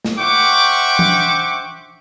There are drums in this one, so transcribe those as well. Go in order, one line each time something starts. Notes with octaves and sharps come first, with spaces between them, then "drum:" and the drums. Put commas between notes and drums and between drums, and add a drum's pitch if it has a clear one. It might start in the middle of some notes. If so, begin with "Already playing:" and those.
drum: snare
C5 E5 F#5 G5 C#6 D6
drum: tom E3